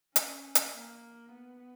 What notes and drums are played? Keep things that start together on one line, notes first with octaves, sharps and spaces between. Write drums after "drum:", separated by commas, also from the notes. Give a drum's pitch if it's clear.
C#4, drum: hi-hat
drum: hi-hat
A#3
B3